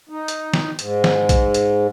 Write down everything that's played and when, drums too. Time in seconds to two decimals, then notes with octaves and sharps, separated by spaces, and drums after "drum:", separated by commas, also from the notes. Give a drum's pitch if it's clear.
0.09 D#4
0.28 drum: hi-hat
0.54 drum: snare
0.79 G#2, drum: hi-hat
1.04 drum: snare
1.29 drum: kick A#1, hi-hat
1.54 drum: hi-hat